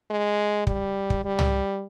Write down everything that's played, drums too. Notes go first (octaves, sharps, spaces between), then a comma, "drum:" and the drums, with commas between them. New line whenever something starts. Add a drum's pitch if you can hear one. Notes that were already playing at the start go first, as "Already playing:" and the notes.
G#3
G3, drum: kick
drum: kick
G3
drum: tom